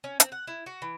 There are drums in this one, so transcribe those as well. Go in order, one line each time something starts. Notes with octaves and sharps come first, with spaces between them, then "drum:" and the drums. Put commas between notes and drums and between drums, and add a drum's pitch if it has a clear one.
C#4
C4, drum: hi-hat
F#5
E4
F#4
E3